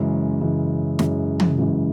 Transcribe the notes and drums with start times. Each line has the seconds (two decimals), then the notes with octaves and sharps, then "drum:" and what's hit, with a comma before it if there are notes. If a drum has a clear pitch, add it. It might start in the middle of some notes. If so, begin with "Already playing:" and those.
Already playing: F#2 C#3 E3 G#3
0.41 F#2 C#3 E3 G#3
0.99 F#2 C#3 E3 G#3, drum: snare
1.40 drum: tom
1.58 F#2 C#3 E3 G#3